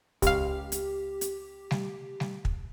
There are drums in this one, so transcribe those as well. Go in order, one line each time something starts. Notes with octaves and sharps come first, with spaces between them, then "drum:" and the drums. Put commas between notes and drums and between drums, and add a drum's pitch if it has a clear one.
C#2 G4 F5, drum: kick, hi-hat
drum: hi-hat
drum: hi-hat
drum: snare G3
drum: snare G3
drum: kick